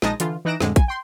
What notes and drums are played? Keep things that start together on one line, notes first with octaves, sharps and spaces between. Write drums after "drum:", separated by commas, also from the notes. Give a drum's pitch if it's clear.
A#1 G#3 D#4 A5 D#6 A#6, drum: snare
D3 E3 F4, drum: hi-hat
E3 D#4 F#6 A#6 D7 E7
F2 A2 D3 G#3, drum: snare
G#5, drum: kick A#1, hi-hat
G5 C6